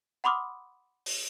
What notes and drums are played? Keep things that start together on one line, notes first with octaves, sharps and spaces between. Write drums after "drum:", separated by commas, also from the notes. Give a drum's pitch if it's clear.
F#5 B5 C6 D6 D#6 F6
drum: open hi-hat